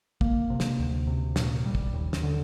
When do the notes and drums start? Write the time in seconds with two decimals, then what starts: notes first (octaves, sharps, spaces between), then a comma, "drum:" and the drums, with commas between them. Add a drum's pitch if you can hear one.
0.21 A#3, drum: kick
0.50 C3
0.60 drum: snare
0.79 D2
1.07 C3
1.36 A#2, drum: snare
1.66 G3
1.75 drum: kick
1.94 D#2
2.13 drum: snare
2.23 D3